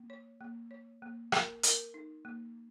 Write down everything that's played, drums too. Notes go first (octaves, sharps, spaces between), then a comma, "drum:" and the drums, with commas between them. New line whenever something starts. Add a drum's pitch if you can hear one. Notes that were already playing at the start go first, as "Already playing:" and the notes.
Already playing: A#3
C#5
A#3
C#5
A#3
A#4, drum: rim click
A#4, drum: hi-hat
D#4
A#3